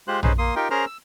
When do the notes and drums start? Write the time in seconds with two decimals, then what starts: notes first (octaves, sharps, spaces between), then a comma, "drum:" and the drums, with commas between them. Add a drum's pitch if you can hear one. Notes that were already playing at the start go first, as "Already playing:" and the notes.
0.08 G#3 F4 G4 C5 F#6
0.23 C#4 D#4 G#4 B4 C5, drum: tom A#1
0.38 A#3 C6 D#6
0.56 D#4 F4 G4 A#4 G5
0.71 C#4 G#4 A#4 C5 A#5 F6
0.86 E6